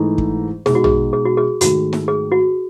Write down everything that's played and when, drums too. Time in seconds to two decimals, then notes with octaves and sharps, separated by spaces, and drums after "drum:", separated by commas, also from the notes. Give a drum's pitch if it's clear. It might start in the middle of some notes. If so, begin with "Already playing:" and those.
Already playing: G#2 E3 A3 D#4
0.18 drum: kick
0.66 B2 G#3 D#4 G#4, drum: snare
0.75 F#4
0.84 G#4, drum: tom A#1
1.13 G#4
1.25 F#4
1.37 G#4
1.61 G#2 D#3 A3 F#4, drum: hi-hat
1.93 drum: snare
2.08 G#4
2.32 F#4